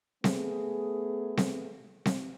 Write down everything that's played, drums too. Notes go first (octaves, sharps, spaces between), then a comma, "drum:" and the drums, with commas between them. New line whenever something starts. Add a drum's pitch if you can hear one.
A3 B3 G#4, drum: snare C4
drum: snare C4
drum: snare C4